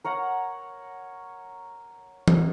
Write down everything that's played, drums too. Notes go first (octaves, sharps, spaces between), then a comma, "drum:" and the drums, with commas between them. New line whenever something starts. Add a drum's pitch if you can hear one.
A#4 C#5 F#5 A#5
drum: tom E3